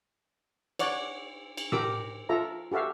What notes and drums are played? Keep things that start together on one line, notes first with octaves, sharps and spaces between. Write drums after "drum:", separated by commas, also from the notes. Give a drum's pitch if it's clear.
C#5 D5 F#5 D6, drum: cymbal
drum: cymbal
G4 A#4 D6 E6, drum: tom A2
F4 A4 E5 A#5
F#4 G4 A4 E5 F5